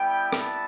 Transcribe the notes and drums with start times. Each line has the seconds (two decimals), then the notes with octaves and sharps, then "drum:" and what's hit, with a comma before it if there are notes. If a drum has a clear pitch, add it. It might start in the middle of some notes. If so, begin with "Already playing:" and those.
Already playing: G3 B3 E4 G5
0.33 A5, drum: rim click